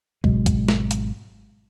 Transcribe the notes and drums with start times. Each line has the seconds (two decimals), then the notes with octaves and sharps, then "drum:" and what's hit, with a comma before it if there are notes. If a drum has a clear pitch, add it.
0.24 G#1 B2 F#3 G#3, drum: kick
0.46 drum: kick, hi-hat
0.68 drum: snare
0.91 drum: hi-hat